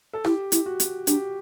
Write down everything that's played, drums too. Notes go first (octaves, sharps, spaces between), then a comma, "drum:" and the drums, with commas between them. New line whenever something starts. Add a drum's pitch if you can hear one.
A4
E4 G4, drum: rim click
E4, drum: hi-hat
F#4
drum: hi-hat
D4 G4, drum: hi-hat